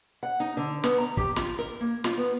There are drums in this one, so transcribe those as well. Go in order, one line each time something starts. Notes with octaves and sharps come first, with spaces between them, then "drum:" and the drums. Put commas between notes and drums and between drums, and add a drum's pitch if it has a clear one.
F#5
D#4
D3
B3, drum: snare
A#5
G4, drum: kick
F4, drum: snare
A#4
A#3
F4, drum: snare
B3